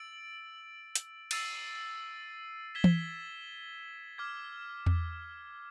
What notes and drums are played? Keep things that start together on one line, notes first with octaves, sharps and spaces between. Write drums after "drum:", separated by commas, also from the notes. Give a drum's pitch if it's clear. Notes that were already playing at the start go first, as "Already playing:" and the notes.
Already playing: E6 A6 D7 F#7
drum: hi-hat
E6 A6 C7 D#7, drum: cymbal
G#6 B6 E7 G7
drum: tom E3
D6 F6 G#6
drum: tom E2